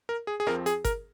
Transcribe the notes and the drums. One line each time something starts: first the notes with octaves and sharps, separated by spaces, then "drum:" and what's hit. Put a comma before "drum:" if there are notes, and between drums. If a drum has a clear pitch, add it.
A#4
G#4
G#4
F2 F3 C4 A#4, drum: rim click
G#4, drum: hi-hat
A#4, drum: kick G1, hi-hat